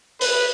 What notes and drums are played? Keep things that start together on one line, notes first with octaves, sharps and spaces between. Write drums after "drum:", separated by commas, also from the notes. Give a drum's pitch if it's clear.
B4, drum: open hi-hat